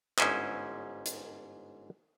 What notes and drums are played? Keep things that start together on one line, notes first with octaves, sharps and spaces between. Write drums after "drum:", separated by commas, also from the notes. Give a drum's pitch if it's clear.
G1 G#2 C#4 E4 C5 G#5, drum: clap
drum: hi-hat